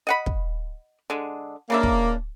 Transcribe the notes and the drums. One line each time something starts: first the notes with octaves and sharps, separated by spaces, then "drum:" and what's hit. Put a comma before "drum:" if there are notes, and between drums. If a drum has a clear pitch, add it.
D#5 F#5 B5
drum: kick
D3 G#3
C#3 A#3 D4 E5
drum: kick